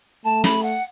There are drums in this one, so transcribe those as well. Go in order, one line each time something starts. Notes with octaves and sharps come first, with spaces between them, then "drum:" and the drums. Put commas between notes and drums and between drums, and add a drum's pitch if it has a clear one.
A3 A5
B5, drum: snare
F#5